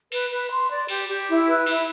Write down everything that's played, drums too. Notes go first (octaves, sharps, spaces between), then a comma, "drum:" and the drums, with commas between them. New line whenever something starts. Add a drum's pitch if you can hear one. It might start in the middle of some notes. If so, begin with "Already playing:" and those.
B4, drum: cymbal
B4
C6
D5
G4, drum: cymbal
G4
E4
B4
E4, drum: cymbal